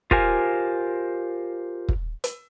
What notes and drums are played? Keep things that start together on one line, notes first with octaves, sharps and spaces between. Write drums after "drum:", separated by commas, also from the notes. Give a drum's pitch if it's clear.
F4 G4 A#4 C5 F5 G#5, drum: kick
drum: kick
drum: hi-hat